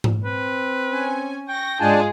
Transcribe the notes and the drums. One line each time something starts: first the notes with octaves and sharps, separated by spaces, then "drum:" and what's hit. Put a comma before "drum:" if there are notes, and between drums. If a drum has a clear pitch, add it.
drum: tom G#2
C4 B4
C#4 G#5
G5 C#6 A#6
G#2 G#3 D4 F4 G#4 G#5 A5